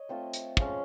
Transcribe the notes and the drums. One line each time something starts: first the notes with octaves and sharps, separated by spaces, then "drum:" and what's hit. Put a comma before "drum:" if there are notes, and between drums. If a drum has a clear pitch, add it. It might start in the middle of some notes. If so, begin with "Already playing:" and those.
Already playing: C#5 D#5
A3 C4 F4
drum: hi-hat
F3 G#3 C#4, drum: kick